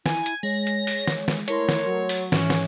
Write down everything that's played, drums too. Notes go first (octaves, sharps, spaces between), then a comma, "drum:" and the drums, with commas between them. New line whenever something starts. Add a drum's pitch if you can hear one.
E4 G#5, drum: snare
drum: hi-hat
G#3 C#5 A#6
drum: hi-hat
drum: open hi-hat
drum: snare
drum: snare
A3 E4 A#4 C#5 C6, drum: hi-hat
drum: snare
F#3
drum: open hi-hat
G#2 E3 C#4, drum: snare
drum: snare